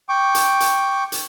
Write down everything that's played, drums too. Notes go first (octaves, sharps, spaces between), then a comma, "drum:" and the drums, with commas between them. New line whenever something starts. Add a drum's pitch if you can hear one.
G5 C#6 D6
drum: hi-hat
drum: hi-hat
drum: hi-hat